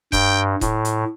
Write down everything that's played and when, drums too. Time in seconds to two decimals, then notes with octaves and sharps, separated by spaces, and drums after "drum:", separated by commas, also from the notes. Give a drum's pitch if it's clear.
0.12 G2 G5, drum: kick D#1, hi-hat
0.61 A2, drum: kick D#1, hi-hat
0.85 drum: hi-hat